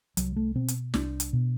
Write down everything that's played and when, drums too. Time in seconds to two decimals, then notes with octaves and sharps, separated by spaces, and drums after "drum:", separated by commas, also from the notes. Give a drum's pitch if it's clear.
0.17 C2 F#3, drum: hi-hat
0.36 A3
0.55 B2 C4
0.68 drum: hi-hat
0.94 C2 D4, drum: snare
1.20 drum: hi-hat
1.33 B2